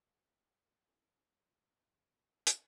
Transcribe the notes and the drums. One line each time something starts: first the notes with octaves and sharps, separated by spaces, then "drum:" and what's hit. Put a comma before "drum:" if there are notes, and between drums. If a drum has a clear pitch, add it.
C#4 E4 A4 G#5
drum: hi-hat